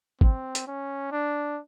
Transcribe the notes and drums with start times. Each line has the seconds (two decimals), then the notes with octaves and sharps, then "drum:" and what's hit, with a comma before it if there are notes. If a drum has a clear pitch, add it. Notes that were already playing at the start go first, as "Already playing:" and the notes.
0.21 C4, drum: kick
0.55 drum: hi-hat
0.67 C#4
1.12 D4